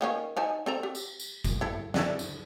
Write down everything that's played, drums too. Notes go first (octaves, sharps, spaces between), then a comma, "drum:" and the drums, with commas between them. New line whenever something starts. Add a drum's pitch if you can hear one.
D#3 A#3 C#4
D#4 G#5 A5
C4 A4 A#5
G4
drum: tambourine
drum: tambourine
drum: kick, tambourine
E4 A4
D4 E4 A4, drum: snare
drum: tambourine